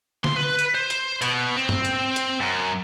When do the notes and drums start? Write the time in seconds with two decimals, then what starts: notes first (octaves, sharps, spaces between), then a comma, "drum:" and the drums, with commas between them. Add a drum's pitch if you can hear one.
0.24 C6, drum: snare D3
0.37 B4
0.59 drum: hi-hat
0.75 C5
0.90 drum: hi-hat
1.22 B2, drum: hi-hat
1.57 C4
1.69 drum: tom G2
1.85 drum: hi-hat
2.16 drum: hi-hat
2.41 F#2